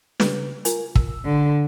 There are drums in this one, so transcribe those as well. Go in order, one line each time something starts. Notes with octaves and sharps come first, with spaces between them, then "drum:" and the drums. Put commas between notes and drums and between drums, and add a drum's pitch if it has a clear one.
C#3 G3 B4, drum: snare
F4 A#4 G#5, drum: hi-hat
E6, drum: kick
D3